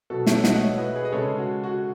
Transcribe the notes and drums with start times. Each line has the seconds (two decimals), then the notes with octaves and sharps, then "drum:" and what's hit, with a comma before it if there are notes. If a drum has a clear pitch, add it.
0.10 B2 F#3 F#4 A4
0.26 C#5 E5, drum: snare
0.44 D#5 F#5, drum: snare
0.61 C#5 E5
0.78 B4 D#5
0.95 G#4 B4
1.05 D#5
1.12 C#3 G#3 A4 C#5
1.38 F#4
1.64 F#4